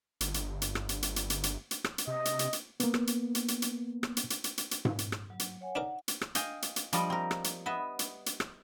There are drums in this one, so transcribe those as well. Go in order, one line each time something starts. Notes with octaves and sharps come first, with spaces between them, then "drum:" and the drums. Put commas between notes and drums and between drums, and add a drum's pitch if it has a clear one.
G1, drum: hi-hat
drum: hi-hat
drum: hi-hat
drum: rim click
drum: hi-hat
drum: hi-hat
drum: hi-hat
drum: hi-hat
drum: hi-hat
drum: hi-hat
drum: rim click
drum: hi-hat
C3 D#5
drum: hi-hat
drum: hi-hat
drum: hi-hat
A#3 B3, drum: hi-hat
drum: rim click
drum: hi-hat
drum: hi-hat
drum: hi-hat
drum: hi-hat
drum: rim click
drum: hi-hat
drum: hi-hat
drum: hi-hat
drum: hi-hat
drum: hi-hat
drum: tom G#2
drum: hi-hat
drum: rim click
F#3
drum: hi-hat
C#5 F#5 G#5
D4 D#4 A#4 F#5
drum: hi-hat
drum: rim click
D#5 F5 G5 G#5, drum: hi-hat
drum: hi-hat
drum: hi-hat
F3 G3 D5 D#5, drum: hi-hat
C4 A#4
drum: rim click
drum: hi-hat
B3 D#5 E5
drum: hi-hat
drum: hi-hat
drum: rim click